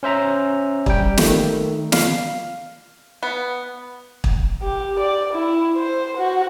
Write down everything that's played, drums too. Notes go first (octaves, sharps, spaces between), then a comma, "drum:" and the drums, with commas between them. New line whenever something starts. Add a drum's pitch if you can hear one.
C#4 C5 E5 A#5
G3 G5, drum: kick
D#3 A3, drum: snare
F5, drum: snare
B3
drum: kick
G4
D5
E4
C5
F#4